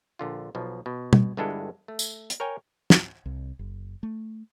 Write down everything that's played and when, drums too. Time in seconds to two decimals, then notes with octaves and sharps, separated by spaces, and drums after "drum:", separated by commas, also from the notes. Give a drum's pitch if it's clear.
0.19 A#1 D3 F4
0.55 B1 B2 F3
0.86 B2
1.13 drum: tom
1.37 G1 G2 G#3 D4 E4 A4
1.88 A3
1.99 drum: tambourine
2.30 drum: hi-hat
2.40 A#4 C#5 G5 G#5
2.90 drum: snare
3.26 C2
3.59 F#1
4.03 A3